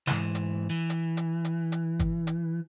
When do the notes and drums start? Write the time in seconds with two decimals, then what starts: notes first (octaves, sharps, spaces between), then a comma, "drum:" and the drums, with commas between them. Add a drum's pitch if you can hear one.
0.07 G#2 E3, drum: snare
0.35 drum: hi-hat
0.70 E3
0.90 drum: hi-hat
1.17 drum: hi-hat
1.45 drum: hi-hat
1.72 drum: hi-hat
2.00 drum: kick, hi-hat
2.27 drum: hi-hat